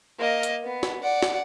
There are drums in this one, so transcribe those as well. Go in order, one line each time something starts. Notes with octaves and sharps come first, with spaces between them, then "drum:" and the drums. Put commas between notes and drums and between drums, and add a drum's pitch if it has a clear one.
A#3 D#5
drum: hi-hat
B3
drum: snare
D5 F#5
drum: snare